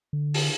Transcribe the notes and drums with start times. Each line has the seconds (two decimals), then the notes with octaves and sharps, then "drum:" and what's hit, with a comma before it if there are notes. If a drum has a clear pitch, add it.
0.13 D3
0.34 drum: open hi-hat